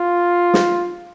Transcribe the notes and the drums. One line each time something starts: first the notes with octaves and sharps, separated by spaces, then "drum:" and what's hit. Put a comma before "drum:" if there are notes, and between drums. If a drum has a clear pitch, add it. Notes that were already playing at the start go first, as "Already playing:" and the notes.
Already playing: F4
drum: snare